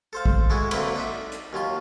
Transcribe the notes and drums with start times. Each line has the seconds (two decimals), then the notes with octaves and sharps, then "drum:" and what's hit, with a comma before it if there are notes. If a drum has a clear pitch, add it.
0.13 A4 C5 F5
0.26 drum: kick
0.50 G#3 A3 E4 F#4 G#4
0.71 D3 F#3 A#3 C4 E4 B4, drum: cymbal
0.96 D4 D#4 E5
1.32 drum: hi-hat
1.53 D#2 F#3 F4 C6